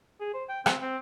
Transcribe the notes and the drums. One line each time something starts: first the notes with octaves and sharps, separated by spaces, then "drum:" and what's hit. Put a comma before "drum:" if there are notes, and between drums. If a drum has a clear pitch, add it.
G#4
C5
G5
C4, drum: rim click
C4